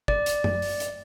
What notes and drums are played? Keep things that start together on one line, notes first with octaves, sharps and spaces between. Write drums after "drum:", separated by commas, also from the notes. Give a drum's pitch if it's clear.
D5, drum: kick
drum: hi-hat
drum: tom F#2
drum: open hi-hat
drum: hi-hat